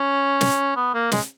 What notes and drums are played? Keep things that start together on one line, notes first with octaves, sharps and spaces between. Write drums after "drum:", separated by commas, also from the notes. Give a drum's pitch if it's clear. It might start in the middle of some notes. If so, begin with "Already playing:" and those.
Already playing: C#4
drum: snare
B3
A#3
G#3, drum: snare